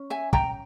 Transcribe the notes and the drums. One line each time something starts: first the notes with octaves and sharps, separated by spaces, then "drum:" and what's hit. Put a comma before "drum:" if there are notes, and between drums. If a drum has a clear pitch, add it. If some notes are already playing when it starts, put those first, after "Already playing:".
Already playing: C#4
E5 G#5
G5 A#5, drum: kick